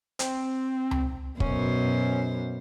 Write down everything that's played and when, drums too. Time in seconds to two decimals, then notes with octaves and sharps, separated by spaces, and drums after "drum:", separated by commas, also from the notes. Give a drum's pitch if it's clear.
0.19 C4, drum: hi-hat
0.91 drum: tom C#2
1.40 F#2 B2 C#4 C5, drum: kick